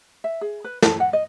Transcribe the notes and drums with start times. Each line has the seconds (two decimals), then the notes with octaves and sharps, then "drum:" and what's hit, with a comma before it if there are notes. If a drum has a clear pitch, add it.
0.24 E5
0.41 G#4
0.64 B4
0.82 A4, drum: snare
1.00 F#5
1.13 D#5